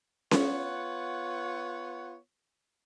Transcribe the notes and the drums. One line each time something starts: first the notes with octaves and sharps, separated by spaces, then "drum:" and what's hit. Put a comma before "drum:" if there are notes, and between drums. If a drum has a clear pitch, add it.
B3 F4 C#5 F#5, drum: snare C#4